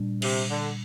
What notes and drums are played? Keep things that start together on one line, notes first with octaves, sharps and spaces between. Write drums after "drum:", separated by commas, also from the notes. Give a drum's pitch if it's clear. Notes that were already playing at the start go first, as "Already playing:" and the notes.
Already playing: A#2 G3 D4
C3, drum: cymbal
D3